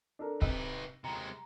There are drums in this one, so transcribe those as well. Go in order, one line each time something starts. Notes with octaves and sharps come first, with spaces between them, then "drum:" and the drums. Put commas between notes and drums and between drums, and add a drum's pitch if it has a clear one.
D4 A4 A#4
C3 D#4 B4 D#5, drum: kick
C3 G#3 A#5